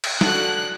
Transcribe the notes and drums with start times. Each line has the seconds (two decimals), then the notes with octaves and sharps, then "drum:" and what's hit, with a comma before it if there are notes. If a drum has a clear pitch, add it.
0.04 drum: cymbal
0.21 D4 F#4 A4 F#6, drum: snare